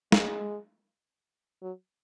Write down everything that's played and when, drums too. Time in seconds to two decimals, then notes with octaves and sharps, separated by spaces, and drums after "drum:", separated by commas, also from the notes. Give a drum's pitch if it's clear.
0.12 G#3, drum: snare
1.62 F#3